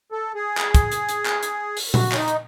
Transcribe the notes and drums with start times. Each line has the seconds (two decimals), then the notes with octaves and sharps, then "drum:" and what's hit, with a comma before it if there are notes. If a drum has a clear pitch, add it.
0.12 A4
0.35 G#4
0.58 drum: clap
0.75 drum: kick, hi-hat
0.92 drum: hi-hat
1.09 drum: hi-hat
1.26 drum: clap
1.43 drum: hi-hat
1.77 drum: open hi-hat
1.94 F#4, drum: tom A#2
2.12 C#4, drum: clap
2.16 D#4
2.28 drum: hi-hat